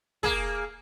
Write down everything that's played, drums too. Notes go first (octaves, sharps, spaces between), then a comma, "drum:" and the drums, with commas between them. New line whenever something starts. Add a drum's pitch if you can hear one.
A#3 G#4, drum: kick